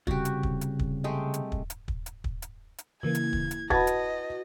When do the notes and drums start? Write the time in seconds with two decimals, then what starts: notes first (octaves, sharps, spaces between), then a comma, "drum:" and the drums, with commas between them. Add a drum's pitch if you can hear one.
0.07 C2 C#3 F#4 G4, drum: kick
0.25 drum: hi-hat
0.43 drum: kick
0.61 drum: hi-hat
0.79 drum: kick
1.04 G#3 A3 G4
1.34 drum: hi-hat
1.52 drum: kick
1.70 drum: hi-hat
1.88 drum: kick
2.06 drum: hi-hat
2.24 drum: kick
2.42 drum: hi-hat
2.78 drum: hi-hat
3.03 C#3 E3 A#3 E4 G#6
3.15 drum: hi-hat
3.33 drum: kick
3.51 drum: hi-hat
3.70 F#4 B4 D#5 F#5 A5 B5 G#6 A6, drum: kick
3.87 drum: hi-hat